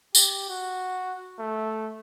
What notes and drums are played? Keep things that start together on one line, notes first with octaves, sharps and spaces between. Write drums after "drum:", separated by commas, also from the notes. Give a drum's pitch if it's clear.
G4, drum: tambourine
F#4
A3